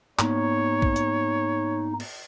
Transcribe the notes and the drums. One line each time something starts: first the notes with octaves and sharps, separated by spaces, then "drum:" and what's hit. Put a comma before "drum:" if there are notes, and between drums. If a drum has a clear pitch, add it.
G#2 A#3 B3 D#4 C#5, drum: clap
drum: kick A#1
drum: hi-hat
drum: cymbal